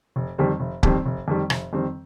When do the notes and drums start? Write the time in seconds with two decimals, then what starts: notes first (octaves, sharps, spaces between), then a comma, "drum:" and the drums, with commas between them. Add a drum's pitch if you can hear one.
0.16 F1
0.38 F2 D#3 G3 C4
0.60 F1
0.83 F2 D#3 G3 C4, drum: kick C#1
1.06 F1
1.28 F2 D#3 G3 C4
1.50 F1, drum: rim click
1.73 F2 D#3 G3 C4